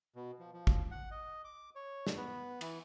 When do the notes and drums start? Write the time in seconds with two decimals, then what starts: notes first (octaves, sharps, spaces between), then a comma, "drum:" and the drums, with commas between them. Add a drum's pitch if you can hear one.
0.16 B2
0.39 F3
0.54 F3
0.67 drum: kick
0.91 F#5
1.11 D#5
1.44 D6
1.75 C#5
2.07 drum: snare
2.17 B3
2.61 E3, drum: cymbal